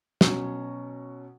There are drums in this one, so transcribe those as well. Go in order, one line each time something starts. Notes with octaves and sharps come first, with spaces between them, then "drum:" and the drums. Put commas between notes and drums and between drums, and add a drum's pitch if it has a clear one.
B2 F#3 C#4, drum: snare